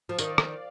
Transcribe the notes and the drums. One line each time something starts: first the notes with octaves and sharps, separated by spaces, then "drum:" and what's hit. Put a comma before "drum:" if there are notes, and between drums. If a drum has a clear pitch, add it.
F3
D#3 D5 F5, drum: tambourine
drum: rim click